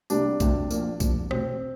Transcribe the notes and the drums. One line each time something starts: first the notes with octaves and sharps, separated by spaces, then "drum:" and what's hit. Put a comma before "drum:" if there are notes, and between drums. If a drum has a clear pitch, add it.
C2 C3 G3 A#3 D4, drum: tambourine
D2 C3 G3, drum: kick B1, tambourine
A#1 A#2 F3 A#3, drum: tambourine
C2 A#2 F3, drum: kick B1, tambourine
E1 D2 C3 C4, drum: rim click